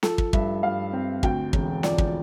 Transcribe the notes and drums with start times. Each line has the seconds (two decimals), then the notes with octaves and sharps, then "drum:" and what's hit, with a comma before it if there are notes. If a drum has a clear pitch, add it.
0.03 F3 A4, drum: snare
0.18 drum: kick
0.33 G2 E5, drum: kick
0.63 G2 F5
0.93 C4
1.23 D2 G5, drum: kick
1.53 E1, drum: kick
1.83 F3 D5, drum: snare
1.98 drum: kick